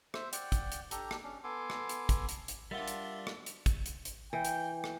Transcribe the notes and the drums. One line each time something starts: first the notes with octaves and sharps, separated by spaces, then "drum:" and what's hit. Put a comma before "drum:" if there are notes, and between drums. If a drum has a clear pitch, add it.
C5 E5, drum: rim click
D5 F#5 G5, drum: hi-hat
drum: kick, hi-hat
drum: hi-hat
D4 G4 A4 A#5, drum: hi-hat
drum: rim click
C#4 D4
B3 A4 G#5 C6 D6
drum: rim click
drum: hi-hat
drum: kick, hi-hat
drum: hi-hat
drum: hi-hat
G3 D4 F4 A#4 E5 F#5 G5 C6
drum: hi-hat
drum: rim click
drum: hi-hat
drum: kick, hi-hat
drum: hi-hat
drum: hi-hat
E3 G5
drum: hi-hat
drum: rim click